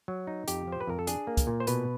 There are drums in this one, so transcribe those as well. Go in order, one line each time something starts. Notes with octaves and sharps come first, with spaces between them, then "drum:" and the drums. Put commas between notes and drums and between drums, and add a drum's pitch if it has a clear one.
F#3
D#4
F2 G4, drum: hi-hat
F3
C5
B4
F2 A#4
A4
D4 G#4, drum: hi-hat
A#3
drum: kick, hi-hat
A#2
C5
B2 B4, drum: hi-hat